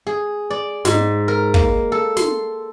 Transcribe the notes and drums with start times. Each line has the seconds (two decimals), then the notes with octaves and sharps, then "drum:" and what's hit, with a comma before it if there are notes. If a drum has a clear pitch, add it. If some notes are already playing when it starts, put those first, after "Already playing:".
0.07 G#4
0.51 D5
0.85 G#2, drum: snare
1.28 A#4
1.54 A#3, drum: kick
1.92 A4
2.17 C6, drum: snare